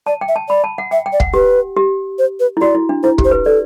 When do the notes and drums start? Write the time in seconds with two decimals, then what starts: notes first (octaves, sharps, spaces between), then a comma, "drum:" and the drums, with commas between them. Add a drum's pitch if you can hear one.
0.07 D5 A5
0.21 G5
0.28 E5
0.36 A5
0.49 D5 B5
0.64 A5
0.78 F#5
0.91 E5 G5
1.06 G5
1.13 D5
1.20 F#5, drum: kick
1.34 G4 B4
1.76 G4
2.19 C5
2.40 B4
2.57 E4
2.61 F#4 D5
2.75 E4
2.89 D4
3.03 E4 C5
3.18 G4, drum: kick
3.25 C5
3.31 B4
3.46 A4 D5